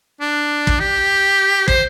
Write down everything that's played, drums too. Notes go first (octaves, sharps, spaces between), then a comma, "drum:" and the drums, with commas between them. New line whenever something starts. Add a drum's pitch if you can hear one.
D4
drum: kick
G4
C5, drum: kick